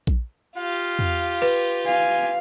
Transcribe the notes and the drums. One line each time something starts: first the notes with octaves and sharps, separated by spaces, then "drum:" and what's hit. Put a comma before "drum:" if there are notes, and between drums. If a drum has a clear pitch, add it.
drum: kick A#1
F4 G4 F5
drum: tom E2
B4, drum: cymbal
F5 G#5